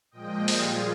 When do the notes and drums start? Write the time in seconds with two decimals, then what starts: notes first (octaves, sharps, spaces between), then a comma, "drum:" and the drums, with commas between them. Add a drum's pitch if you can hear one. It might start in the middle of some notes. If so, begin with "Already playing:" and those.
0.11 A#2 F3 G#3 D#5 G5
0.48 A#2 G3 F4 G#4, drum: open hi-hat